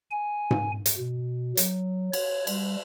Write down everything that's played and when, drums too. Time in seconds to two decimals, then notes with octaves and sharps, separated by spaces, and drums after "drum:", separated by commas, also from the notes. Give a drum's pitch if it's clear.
0.11 G#5
0.51 drum: tom G#2
0.86 drum: hi-hat
0.98 B2
1.57 F#3, drum: hi-hat
2.13 C#5, drum: cymbal
2.47 G3, drum: cymbal